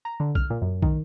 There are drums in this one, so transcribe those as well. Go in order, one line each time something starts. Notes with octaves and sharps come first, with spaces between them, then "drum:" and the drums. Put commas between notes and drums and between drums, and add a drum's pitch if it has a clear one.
A#5
D3
F6, drum: kick
A#2
F#2
D#3, drum: kick